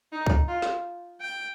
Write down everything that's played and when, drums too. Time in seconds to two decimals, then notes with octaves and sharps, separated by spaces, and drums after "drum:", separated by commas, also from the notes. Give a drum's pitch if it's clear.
0.12 D#4
0.26 drum: kick
0.48 F4
0.62 drum: snare
1.21 G5